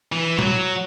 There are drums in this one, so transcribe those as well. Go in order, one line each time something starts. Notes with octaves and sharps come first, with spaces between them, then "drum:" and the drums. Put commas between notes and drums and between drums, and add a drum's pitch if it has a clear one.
E3
F#3, drum: tom A#2